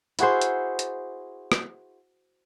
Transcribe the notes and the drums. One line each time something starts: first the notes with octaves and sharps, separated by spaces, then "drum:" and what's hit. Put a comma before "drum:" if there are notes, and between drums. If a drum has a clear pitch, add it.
E4 F#4 G#4 C5, drum: hi-hat
drum: hi-hat
drum: hi-hat
drum: rim click